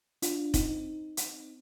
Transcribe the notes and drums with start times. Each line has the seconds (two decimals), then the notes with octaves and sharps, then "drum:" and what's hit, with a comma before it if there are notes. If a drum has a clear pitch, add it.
0.22 D4 F4, drum: hi-hat
0.54 C4 D#4, drum: kick F1, hi-hat
1.17 drum: hi-hat